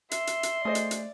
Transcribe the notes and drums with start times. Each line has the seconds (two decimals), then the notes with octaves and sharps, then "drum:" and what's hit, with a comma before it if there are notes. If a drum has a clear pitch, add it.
0.11 E5 C6, drum: hi-hat
0.27 drum: hi-hat
0.43 drum: hi-hat
0.65 A3 G#4 C5 D5 D#5
0.75 drum: hi-hat
0.91 drum: hi-hat